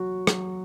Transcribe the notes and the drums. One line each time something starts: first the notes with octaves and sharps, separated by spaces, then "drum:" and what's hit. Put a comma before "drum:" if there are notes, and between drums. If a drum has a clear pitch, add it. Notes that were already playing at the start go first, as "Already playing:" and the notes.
Already playing: F#3 F#4
F#3, drum: rim click